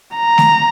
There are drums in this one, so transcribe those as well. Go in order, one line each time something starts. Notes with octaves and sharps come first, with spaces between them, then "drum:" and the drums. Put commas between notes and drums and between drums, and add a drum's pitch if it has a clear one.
A#5
drum: snare